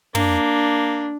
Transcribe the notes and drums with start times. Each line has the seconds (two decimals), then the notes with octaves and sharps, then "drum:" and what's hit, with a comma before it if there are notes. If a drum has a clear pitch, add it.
0.15 A#3 D4, drum: tom